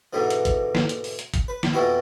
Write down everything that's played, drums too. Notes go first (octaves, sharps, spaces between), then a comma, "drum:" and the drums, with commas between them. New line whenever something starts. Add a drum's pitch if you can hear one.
G#2 B2 D3 E3
drum: hi-hat
drum: kick, hi-hat
drum: snare
drum: hi-hat
drum: open hi-hat
drum: hi-hat
drum: kick, hi-hat
B4
drum: snare
F2 B2 E3 E4 F#4